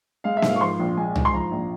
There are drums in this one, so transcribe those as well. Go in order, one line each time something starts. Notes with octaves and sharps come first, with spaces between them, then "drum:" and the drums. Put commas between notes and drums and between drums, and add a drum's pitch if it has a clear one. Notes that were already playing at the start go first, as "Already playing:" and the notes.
G#3 F5
E5
G#2, drum: snare A#3
F5
C#6
F3 C6
A#1
G#3 G#5
G#2, drum: tom C2
C6
F3 A#5
A#1